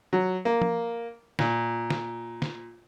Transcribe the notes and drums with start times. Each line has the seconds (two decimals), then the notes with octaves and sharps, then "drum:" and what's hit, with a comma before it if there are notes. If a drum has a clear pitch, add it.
0.13 F#3
0.45 A#3
0.62 drum: tom F3
1.39 A#2, drum: snare
1.90 drum: snare
2.42 drum: snare